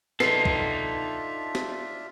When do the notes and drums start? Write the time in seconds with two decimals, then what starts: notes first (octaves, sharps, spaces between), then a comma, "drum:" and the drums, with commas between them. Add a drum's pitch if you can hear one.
0.20 D4 D#4 F4 A4 B4 E5 C7, drum: snare
0.45 drum: kick
1.55 drum: snare